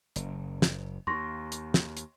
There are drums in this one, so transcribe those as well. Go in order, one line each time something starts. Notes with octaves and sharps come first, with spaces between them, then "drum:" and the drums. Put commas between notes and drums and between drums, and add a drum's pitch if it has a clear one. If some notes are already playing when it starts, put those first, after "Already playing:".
F#1, drum: hi-hat
drum: snare
D#2 C6 C#6 A#6
drum: hi-hat
drum: snare
drum: hi-hat